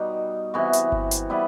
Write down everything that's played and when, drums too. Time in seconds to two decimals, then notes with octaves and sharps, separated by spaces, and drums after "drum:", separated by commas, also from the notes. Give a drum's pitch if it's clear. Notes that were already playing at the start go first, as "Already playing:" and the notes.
Already playing: B2 G3 D#4
0.54 C3 E3 B3 F#4
0.73 drum: hi-hat
0.92 drum: kick G1
1.11 drum: hi-hat
1.30 G3 B3 E4 B4